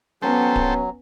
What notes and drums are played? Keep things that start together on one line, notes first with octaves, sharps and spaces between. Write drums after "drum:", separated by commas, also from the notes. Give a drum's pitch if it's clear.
F#3 B3 C#4 A4 C5 G5
drum: kick D1